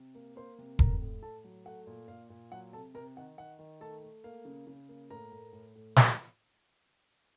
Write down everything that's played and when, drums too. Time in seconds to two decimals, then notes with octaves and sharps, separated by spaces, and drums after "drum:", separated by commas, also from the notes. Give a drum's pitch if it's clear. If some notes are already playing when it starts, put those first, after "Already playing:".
Already playing: C3
0.15 A#3
0.36 A#3 C5 C6
0.58 C3
0.79 A3 A#4 A#5, drum: kick E1
1.02 A2
1.22 A2 A4 A5
1.44 F#3
1.66 A3 F#5
1.87 A#2
2.08 A#2 F5
2.30 A#2
2.52 F#3 F#5
2.73 C3 A4 A5
2.94 C3 A#4 A#5
3.17 D#3 F#5
3.38 D#3 F#5
3.59 D#3
3.80 A3 A4 A5
4.03 A3
4.24 A#3 F5
4.45 C#3
4.67 C#3
4.89 A#3
5.10 A2 A#4 A#5
5.32 A2
5.53 A2
5.75 A2
5.96 drum: snare